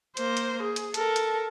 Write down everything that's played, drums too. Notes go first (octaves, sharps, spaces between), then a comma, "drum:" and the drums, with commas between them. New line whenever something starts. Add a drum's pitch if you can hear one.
A#3 C5, drum: hi-hat
drum: hi-hat
G#4
drum: hi-hat
A4 A#4, drum: hi-hat
drum: hi-hat